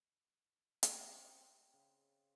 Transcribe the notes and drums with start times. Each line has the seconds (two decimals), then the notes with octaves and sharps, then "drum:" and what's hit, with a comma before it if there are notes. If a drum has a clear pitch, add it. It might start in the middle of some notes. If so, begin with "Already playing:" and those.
0.83 C4, drum: hi-hat
1.73 C#3